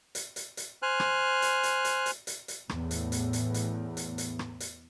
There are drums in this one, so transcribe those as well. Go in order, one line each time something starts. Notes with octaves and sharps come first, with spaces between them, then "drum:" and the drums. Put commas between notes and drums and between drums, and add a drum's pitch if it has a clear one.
drum: hi-hat
drum: hi-hat
drum: hi-hat
C5 G#5 F6 F#6
drum: rim click
drum: hi-hat
drum: hi-hat
drum: hi-hat
drum: hi-hat
drum: hi-hat
drum: hi-hat
E2 A2, drum: rim click
drum: hi-hat
drum: hi-hat
drum: hi-hat
drum: hi-hat
drum: hi-hat
drum: hi-hat
drum: rim click
drum: hi-hat